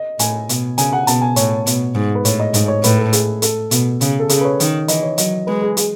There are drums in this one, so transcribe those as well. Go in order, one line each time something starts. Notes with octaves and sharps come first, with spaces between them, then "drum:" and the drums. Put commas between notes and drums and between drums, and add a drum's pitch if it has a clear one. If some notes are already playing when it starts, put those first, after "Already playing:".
Already playing: D#5
A2 G#5, drum: hi-hat
B2, drum: hi-hat
C#3 G#5, drum: hi-hat
F#5
B2 A5, drum: hi-hat
G#5
A2 C#5, drum: hi-hat
B2, drum: hi-hat
G#2
B4
A2 C#5, drum: hi-hat
D#5
G#2, drum: hi-hat
C#5
A2 B4, drum: hi-hat
A4
G#4, drum: hi-hat
A4, drum: hi-hat
B2, drum: hi-hat
C#3, drum: hi-hat
A4
C#3 G#4, drum: hi-hat
B4
C#5
D#3, drum: hi-hat
E3 D#5, drum: hi-hat
C#5
F#3 D#5, drum: hi-hat
G#3 B4
G#4
G#4, drum: hi-hat